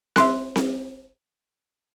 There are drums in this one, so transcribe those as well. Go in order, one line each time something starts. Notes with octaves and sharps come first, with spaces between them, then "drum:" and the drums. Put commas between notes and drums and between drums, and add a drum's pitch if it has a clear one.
E5 C6 F#6, drum: snare C4
drum: snare C4